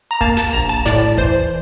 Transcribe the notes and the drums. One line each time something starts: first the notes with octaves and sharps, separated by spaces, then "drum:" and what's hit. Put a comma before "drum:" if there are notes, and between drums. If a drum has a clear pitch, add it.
A#5
A#3 A5, drum: kick E1, hi-hat
A5, drum: snare
A#1 A#5, drum: hi-hat
A5, drum: hi-hat
A2 D5, drum: snare
drum: hi-hat
E3 C5, drum: kick E1, hi-hat